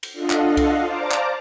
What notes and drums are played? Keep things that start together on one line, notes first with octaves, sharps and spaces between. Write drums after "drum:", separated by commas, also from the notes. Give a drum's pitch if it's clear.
drum: cymbal
D4 F4 A4 D#5 F5 F#5
drum: clap
drum: kick C2, cymbal
C5 D5 F5 A5 A#5 D6
drum: clap